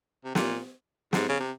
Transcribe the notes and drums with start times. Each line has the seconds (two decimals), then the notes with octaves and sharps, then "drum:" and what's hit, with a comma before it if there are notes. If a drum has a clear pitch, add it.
0.25 C3
0.35 A#2, drum: snare
1.13 G#2, drum: snare
1.29 C#3
1.40 C3